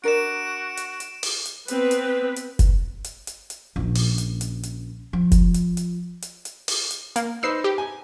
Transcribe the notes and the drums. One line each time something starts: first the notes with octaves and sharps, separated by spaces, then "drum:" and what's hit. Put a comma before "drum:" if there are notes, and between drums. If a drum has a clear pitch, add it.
D4 F#4 A#4 D5 D7 E7
drum: hi-hat
drum: hi-hat
drum: open hi-hat
drum: hi-hat
B3 C4 B4, drum: hi-hat
drum: hi-hat
drum: hi-hat
drum: kick, hi-hat
drum: hi-hat
drum: hi-hat
drum: hi-hat
A#1 C#3
drum: open hi-hat
drum: hi-hat
drum: hi-hat
drum: hi-hat
F3
drum: kick, hi-hat
drum: hi-hat
drum: hi-hat
drum: hi-hat
drum: hi-hat
drum: open hi-hat
drum: hi-hat
A#3, drum: hi-hat
D#4 B4 C5 E6 C7
G4
G#5